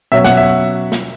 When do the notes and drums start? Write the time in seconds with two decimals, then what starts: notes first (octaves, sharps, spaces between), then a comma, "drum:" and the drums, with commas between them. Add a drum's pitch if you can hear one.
0.12 B2 F#3 C#4 E5
0.24 F#5, drum: snare
0.37 E5
0.92 drum: snare